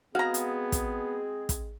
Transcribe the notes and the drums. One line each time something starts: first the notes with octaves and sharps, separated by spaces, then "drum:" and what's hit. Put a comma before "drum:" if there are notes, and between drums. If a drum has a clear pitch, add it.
G#3 B3 C4 F#4 G#4 F5 A#5
drum: hi-hat
drum: kick, hi-hat
drum: kick, hi-hat